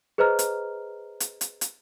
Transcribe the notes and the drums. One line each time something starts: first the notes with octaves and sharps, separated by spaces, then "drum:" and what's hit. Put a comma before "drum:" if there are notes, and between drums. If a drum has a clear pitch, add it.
G#4 B4 C5 D#5 A#5 F6
drum: hi-hat
drum: hi-hat
drum: hi-hat
drum: hi-hat